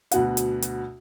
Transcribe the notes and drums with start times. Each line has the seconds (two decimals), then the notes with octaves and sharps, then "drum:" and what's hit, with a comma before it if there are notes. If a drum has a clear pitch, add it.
0.11 D2 B2 F#5, drum: hi-hat
0.37 drum: hi-hat
0.62 drum: hi-hat